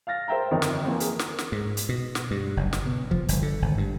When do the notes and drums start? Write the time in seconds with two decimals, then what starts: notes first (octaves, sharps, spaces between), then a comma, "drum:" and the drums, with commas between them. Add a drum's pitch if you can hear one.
0.07 F5 F6 A6 A#6
0.28 A#4 C5 E5 G5 A#5
0.51 G1 F2 D#3 D#4 A#4
0.62 drum: snare
0.84 E3 F3 A#3 C4
1.00 G#4 A#4, drum: hi-hat
1.19 drum: snare
1.39 drum: snare
1.52 G#2
1.77 drum: hi-hat
1.89 B2
2.15 drum: snare
2.31 G2
2.57 F#1
2.73 drum: snare
2.86 B2
3.11 F3, drum: kick
3.28 G1, drum: hi-hat
3.42 D3
3.62 G#1
3.78 G2